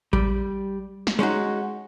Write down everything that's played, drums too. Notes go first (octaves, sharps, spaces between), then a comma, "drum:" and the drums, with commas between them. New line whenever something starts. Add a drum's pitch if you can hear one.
G3, drum: kick A1
drum: snare
G#3 C#4 D#4 F#4